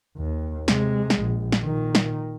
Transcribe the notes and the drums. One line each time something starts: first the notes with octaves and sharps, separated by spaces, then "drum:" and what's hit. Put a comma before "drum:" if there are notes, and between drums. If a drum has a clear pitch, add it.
D#2
C3 G#3, drum: snare
drum: snare
A#1
drum: snare
A#2 D#3
drum: snare